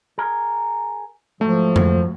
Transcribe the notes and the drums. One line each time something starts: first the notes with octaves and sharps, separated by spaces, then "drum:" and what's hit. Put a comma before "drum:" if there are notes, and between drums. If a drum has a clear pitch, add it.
G#4 A#4
G#2 F3 F#3 A3
drum: tom F2